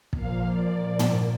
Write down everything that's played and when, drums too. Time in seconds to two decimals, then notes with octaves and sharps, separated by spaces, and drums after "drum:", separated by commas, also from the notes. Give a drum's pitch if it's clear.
0.13 A#2 F3 A#3 F5, drum: kick
0.47 D5
0.80 D5
0.99 drum: tom